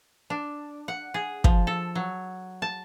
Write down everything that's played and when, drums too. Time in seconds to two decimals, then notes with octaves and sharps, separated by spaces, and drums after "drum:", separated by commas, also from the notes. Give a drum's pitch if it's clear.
0.30 D4
0.88 F#5
1.14 G#4
1.44 F3, drum: kick
1.67 A4
1.95 F#3
2.62 A5